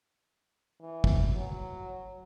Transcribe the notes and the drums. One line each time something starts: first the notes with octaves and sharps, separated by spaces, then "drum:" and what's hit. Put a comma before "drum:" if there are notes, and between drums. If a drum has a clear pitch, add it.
E3
drum: kick
F#3